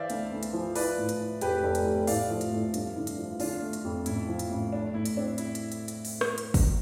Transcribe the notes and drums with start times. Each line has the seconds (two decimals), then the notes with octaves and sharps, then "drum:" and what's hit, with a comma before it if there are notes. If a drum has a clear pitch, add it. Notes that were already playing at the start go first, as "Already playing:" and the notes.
Already playing: E3 C5 D5 E5 F5
0.10 D2, drum: hi-hat
0.32 D2
0.43 drum: hi-hat
0.53 F3
0.76 E4 B4 D5, drum: open hi-hat
0.98 A2
1.09 drum: hi-hat
1.20 E4
1.41 F1 G4 B4, drum: hi-hat
1.63 F1
1.75 drum: hi-hat
1.86 F2
2.07 A2 D5 F5, drum: open hi-hat
2.30 F3
2.41 drum: hi-hat
2.52 A2
2.74 G2, drum: hi-hat
2.96 D3
3.07 drum: hi-hat
3.18 F3
3.40 D3 D4 F4, drum: open hi-hat
3.62 A3
3.73 drum: hi-hat
3.85 F2
4.06 A1 E4, drum: hi-hat
4.29 F3
4.39 drum: hi-hat
4.50 A1
4.72 A3 D4
4.94 A2 E4
5.05 drum: hi-hat
5.16 C4 D4
5.38 E4, drum: hi-hat
5.55 drum: hi-hat
5.72 drum: hi-hat
5.88 drum: hi-hat
6.05 drum: open hi-hat
6.21 drum: rim click
6.38 drum: hi-hat
6.54 drum: kick, open hi-hat